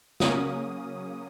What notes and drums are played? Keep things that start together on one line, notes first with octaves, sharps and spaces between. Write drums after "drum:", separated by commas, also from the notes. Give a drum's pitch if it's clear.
C#3 F#3 A#3 C#4 D#6, drum: snare